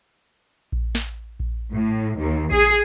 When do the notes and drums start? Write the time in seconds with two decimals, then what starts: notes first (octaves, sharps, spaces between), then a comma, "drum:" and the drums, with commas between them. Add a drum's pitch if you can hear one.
0.72 drum: kick A#1
0.95 drum: snare
1.40 drum: kick A#1
1.73 A2
2.18 D#2
2.52 G#4, drum: kick A#1